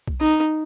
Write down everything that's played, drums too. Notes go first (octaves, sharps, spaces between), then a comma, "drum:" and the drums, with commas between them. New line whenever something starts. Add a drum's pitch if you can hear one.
drum: kick B1
D#4